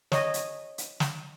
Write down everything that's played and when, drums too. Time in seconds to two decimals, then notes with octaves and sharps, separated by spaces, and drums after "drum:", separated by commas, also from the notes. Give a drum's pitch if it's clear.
0.12 C#5 D#5, drum: snare
0.34 drum: hi-hat
0.78 drum: hi-hat
1.00 drum: snare